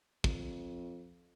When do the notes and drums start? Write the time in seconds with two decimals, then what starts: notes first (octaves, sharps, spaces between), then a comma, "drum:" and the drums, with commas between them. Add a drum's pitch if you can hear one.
0.24 F2, drum: kick